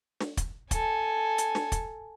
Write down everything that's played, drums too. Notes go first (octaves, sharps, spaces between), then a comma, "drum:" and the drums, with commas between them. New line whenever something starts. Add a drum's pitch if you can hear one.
drum: snare
drum: kick, hi-hat
A4 G#5, drum: kick, hi-hat
drum: hi-hat
drum: snare
drum: kick, hi-hat